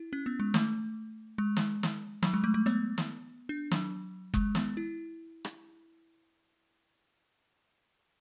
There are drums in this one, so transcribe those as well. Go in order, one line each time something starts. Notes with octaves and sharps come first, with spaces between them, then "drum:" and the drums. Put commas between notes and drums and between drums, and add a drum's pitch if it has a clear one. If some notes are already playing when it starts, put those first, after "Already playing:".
Already playing: E4
C#4
B3
G#3
A3, drum: snare
G#3
drum: snare
drum: snare
F#3, drum: snare
G#3
A3
A3
B3, drum: hi-hat
drum: snare
D4
F#3, drum: snare
G#3, drum: kick F#1
B3, drum: snare
E4
drum: rim click